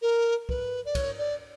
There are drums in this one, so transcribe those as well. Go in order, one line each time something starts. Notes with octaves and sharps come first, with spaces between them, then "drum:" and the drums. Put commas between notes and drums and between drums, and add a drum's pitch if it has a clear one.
A#4
B4, drum: kick
D5
C#5, drum: kick, cymbal
D5